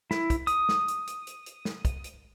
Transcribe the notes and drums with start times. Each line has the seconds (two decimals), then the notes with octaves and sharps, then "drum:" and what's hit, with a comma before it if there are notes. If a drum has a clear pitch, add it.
0.11 E4, drum: snare
0.30 drum: kick, hi-hat
0.47 D#6, drum: hi-hat
0.69 drum: snare
0.88 drum: hi-hat
1.07 drum: hi-hat
1.27 drum: hi-hat
1.46 drum: hi-hat
1.65 drum: snare
1.85 drum: kick, hi-hat
2.04 drum: hi-hat